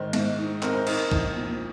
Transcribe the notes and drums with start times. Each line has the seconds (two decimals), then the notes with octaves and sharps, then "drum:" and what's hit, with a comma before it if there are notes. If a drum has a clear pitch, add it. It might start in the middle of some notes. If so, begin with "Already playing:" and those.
Already playing: G#2 D#3 C5
0.13 G#2, drum: cymbal
0.38 D#4
0.63 C4 A#4, drum: clap
0.75 C5
0.87 D#4 A#4 D#5, drum: cymbal
1.11 A#1, drum: kick C2
1.36 A#2